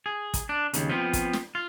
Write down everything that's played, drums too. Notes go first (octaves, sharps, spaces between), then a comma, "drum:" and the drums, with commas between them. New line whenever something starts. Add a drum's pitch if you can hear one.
G#4
drum: kick, hi-hat
D4
D#2 C#3, drum: hi-hat
F3 B3 C4
drum: kick, hi-hat
drum: snare
F4